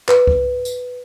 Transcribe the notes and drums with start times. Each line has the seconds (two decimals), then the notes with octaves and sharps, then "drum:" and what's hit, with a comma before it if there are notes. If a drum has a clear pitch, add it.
0.08 B4, drum: clap
0.27 drum: kick C2
0.65 drum: tambourine